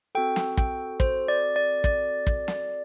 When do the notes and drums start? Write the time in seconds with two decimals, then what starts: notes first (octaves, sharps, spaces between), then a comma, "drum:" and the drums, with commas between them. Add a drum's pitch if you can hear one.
0.15 C4 F#4 A4 G5
0.36 drum: snare
0.57 G5, drum: kick
1.00 C5, drum: kick
1.28 D5
1.56 D5
1.84 D5, drum: kick
2.27 drum: kick
2.48 drum: snare